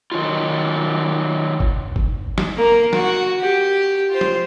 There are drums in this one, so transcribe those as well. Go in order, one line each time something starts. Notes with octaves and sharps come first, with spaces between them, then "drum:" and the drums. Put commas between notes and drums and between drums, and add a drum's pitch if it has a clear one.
D#3 F#3 F4
drum: kick
drum: kick
drum: snare
A#3 A#4
F#4, drum: snare
G4
F4 C5
drum: tom